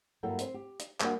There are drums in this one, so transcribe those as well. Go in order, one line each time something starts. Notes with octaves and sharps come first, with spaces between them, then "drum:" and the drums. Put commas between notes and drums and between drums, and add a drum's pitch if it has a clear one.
G2 F#3 A#3 E4 A4 G5
C4 C5, drum: hi-hat
G4
drum: hi-hat
G3 A#3 D4 F#4, drum: clap